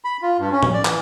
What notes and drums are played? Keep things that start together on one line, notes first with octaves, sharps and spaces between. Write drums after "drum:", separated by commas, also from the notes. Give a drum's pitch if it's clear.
B5
F4
G2
C#4
drum: tom A2
D5
E3, drum: clap